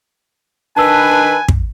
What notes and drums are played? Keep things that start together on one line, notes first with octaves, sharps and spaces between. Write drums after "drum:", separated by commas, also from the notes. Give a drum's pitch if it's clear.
D#3 D4 B4 G#5 A5 E6
drum: kick